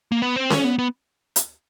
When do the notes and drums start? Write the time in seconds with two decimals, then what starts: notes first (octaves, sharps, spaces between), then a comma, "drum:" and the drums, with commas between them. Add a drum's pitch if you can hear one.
0.12 A#3
0.22 B3
0.36 C4
0.50 C#4, drum: snare C#4
0.64 B3
0.78 B3
1.36 drum: hi-hat